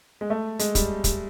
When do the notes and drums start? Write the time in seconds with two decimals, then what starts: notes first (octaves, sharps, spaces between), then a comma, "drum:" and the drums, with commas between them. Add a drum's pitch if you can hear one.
0.21 G#3
0.30 A3
0.59 G#3, drum: hi-hat
0.75 G3, drum: kick, hi-hat
1.04 drum: kick, hi-hat